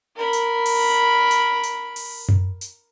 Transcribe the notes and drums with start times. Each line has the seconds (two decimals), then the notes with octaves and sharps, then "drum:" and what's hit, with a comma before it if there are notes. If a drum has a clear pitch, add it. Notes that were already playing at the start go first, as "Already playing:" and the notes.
0.17 A#4 B5
0.33 drum: hi-hat
0.66 drum: open hi-hat
1.31 drum: hi-hat
1.63 drum: hi-hat
1.96 drum: open hi-hat
2.29 drum: tom F#2
2.61 drum: hi-hat